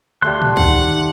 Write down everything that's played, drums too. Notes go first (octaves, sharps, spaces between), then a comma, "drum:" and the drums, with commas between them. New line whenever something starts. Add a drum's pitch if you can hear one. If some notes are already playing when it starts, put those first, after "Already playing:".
D2 G3 A3 F5 C6 F#6
drum: tom A2
D#3 F#5, drum: kick C2